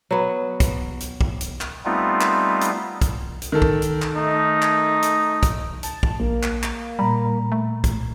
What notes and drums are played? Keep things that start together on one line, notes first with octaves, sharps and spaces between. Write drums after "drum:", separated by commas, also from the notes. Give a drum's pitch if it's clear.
F#3 B3
drum: kick, hi-hat
drum: hi-hat
drum: kick
drum: hi-hat
drum: clap
G3 A3 B3 C4 D#4 F4
drum: clap
drum: hi-hat
drum: kick, hi-hat
drum: hi-hat
D#3 A4
drum: kick
drum: hi-hat
drum: clap
A3 D#4
drum: clap
drum: hi-hat
drum: kick, hi-hat
A5, drum: hi-hat
drum: kick
A#1 A#3
drum: clap
drum: clap
A#2 G3 A#5 B5
A3
drum: kick, hi-hat